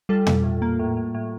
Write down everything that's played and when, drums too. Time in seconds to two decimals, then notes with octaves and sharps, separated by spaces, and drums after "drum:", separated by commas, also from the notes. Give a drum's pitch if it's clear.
0.09 G3 F4 A4
0.27 G3, drum: tom
0.44 A2
0.62 A#3
0.79 A2
0.97 A2
1.15 A2